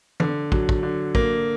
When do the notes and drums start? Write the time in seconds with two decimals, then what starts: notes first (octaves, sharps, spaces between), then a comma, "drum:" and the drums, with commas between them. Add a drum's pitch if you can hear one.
0.20 D3, drum: tom
0.52 F#3, drum: kick
0.69 drum: kick
0.83 D3
1.15 A#3, drum: kick